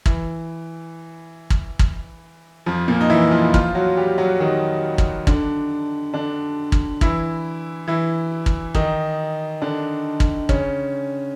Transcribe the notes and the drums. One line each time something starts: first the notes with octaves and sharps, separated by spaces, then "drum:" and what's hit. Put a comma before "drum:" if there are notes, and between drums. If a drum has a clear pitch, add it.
E3, drum: kick
drum: kick
drum: kick
F2 F3
A#2 A#3
D#4
E3 E4
F3 F4
F3 F4, drum: kick
F#3 F#4
G3 G4
F#3 F#4
D#3 D#4
drum: kick
D3 D4, drum: kick
D3 D4
drum: kick
E3 E4, drum: kick
E3 E4
drum: kick
D#3 D#4, drum: kick
D3 D4
drum: kick
C#3 C#4, drum: kick